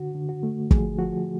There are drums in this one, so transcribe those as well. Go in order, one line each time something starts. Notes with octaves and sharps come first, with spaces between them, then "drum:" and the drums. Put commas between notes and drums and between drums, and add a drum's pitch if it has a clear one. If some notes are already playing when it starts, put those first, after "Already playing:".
Already playing: D3 F#4
D3
F#4
A3
F3 G#4, drum: kick
F3 F#4